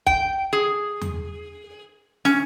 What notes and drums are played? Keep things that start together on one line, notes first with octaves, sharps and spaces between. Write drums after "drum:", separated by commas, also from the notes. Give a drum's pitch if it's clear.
G5, drum: kick B1
G#4
drum: tom E2
C#4, drum: snare